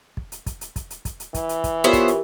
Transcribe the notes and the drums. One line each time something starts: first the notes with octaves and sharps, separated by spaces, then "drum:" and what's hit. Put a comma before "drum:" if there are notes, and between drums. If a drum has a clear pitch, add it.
drum: kick
drum: hi-hat
drum: kick, hi-hat
drum: hi-hat
drum: kick, hi-hat
drum: hi-hat
drum: kick, hi-hat
drum: hi-hat
E3, drum: kick, hi-hat
drum: hi-hat
drum: kick, hi-hat
B3 F4 G4 A#4 C5 C#5 E5 C#6
drum: kick, hi-hat
drum: hi-hat